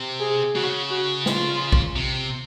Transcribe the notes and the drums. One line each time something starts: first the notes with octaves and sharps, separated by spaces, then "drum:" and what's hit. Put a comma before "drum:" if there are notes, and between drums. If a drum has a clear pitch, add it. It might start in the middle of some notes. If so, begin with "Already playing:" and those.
Already playing: C3
G#4
C#3 F#4
F#4
F4, drum: snare
drum: kick A#1
C3